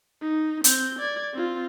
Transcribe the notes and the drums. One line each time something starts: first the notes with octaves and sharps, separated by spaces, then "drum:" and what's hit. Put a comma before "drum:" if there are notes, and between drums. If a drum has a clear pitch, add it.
D#4
C4 G6, drum: hi-hat
D5 G#6
C4 F4